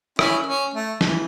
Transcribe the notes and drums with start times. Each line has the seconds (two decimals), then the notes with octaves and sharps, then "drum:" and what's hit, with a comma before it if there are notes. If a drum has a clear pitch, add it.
0.19 C#4 E4, drum: rim click
0.47 C#4
0.74 A3
1.01 E3, drum: snare